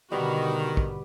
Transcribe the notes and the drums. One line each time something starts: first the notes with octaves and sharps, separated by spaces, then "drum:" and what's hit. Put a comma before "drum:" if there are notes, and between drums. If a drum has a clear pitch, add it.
B2 D3 D#3 G3 F#4 B4 F#5
drum: kick